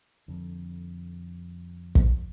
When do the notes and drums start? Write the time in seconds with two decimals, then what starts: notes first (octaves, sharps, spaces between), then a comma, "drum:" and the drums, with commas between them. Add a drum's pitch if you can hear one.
0.28 F2 D3
1.95 drum: kick